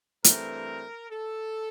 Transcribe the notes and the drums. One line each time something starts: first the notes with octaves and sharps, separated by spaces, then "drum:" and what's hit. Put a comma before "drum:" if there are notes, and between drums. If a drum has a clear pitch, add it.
G2 E3 A3 C4 A#4, drum: hi-hat
A4